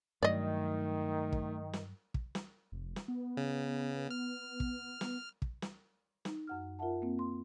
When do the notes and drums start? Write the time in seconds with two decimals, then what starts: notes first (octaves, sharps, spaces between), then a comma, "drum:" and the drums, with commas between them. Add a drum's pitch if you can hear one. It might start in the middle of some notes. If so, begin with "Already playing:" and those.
0.23 G2 D#3 F#3 A3 D5 D#5
1.32 drum: kick
1.73 drum: snare
2.14 drum: kick
2.35 drum: snare
2.72 F1
2.96 drum: snare
3.08 B3
3.37 C#3
4.11 F6
4.60 drum: kick
5.01 drum: snare
5.42 drum: kick
5.62 drum: snare
6.25 D#4, drum: snare
6.47 F#2 F#5 F6
6.79 F4 A#4 E5 F#5 A5
7.02 A#3 C4
7.19 C6